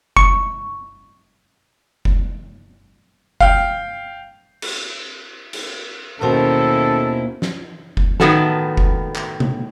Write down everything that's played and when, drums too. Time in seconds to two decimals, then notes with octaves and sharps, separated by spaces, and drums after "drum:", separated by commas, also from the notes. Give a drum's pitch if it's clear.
0.17 C#6, drum: kick F1
2.05 drum: kick F1
3.40 F5 G5, drum: kick F1
4.62 drum: cymbal
5.53 drum: cymbal
6.21 D#2 B2 D#3 C#4 E4 A4 C5
7.42 drum: snare
7.97 drum: kick F1
8.20 A2 D#3 B3 F#4 A4, drum: snare
8.77 drum: kick F1
9.15 drum: clap
9.40 drum: tom C3